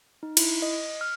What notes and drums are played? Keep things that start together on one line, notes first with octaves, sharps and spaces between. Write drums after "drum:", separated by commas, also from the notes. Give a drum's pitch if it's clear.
D#4
E4, drum: cymbal
D#5
F6